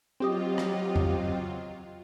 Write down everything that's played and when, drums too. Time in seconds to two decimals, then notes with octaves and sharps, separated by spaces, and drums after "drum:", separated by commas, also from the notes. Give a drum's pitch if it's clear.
0.20 F#3 C4 F4 G4 D#5
0.58 drum: rim click
0.96 drum: tom F2